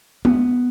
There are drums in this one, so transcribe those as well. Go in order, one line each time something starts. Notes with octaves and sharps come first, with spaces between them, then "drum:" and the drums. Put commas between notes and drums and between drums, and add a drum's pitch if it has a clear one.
B3, drum: tom G#3